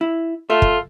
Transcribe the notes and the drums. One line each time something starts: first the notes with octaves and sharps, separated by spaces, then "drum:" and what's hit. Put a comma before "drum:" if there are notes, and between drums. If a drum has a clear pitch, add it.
E4
F4 A4 E5
drum: kick